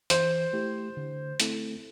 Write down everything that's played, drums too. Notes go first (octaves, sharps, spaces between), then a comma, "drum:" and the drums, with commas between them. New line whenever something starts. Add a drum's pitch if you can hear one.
E3 C5, drum: hi-hat
A3 E4 G4
D3
A3 C4 E4 A4, drum: hi-hat